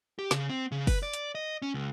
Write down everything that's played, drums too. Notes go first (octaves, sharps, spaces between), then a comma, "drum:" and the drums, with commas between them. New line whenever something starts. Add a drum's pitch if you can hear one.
G4
C#3, drum: snare
C4
C#3
B4, drum: kick, open hi-hat
D5
drum: hi-hat
D#5
C#4
C#2